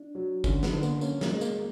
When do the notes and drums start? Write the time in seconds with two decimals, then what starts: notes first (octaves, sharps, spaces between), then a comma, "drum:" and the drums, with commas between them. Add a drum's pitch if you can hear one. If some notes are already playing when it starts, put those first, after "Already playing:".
Already playing: D4
0.15 F#3
0.44 D3 C#4, drum: kick G1, tambourine
0.63 B3, drum: snare
0.73 D3
0.83 A#3, drum: tambourine
1.01 A#3 C#4, drum: tambourine
1.21 A#3, drum: snare
1.31 G#3
1.41 A#3, drum: tambourine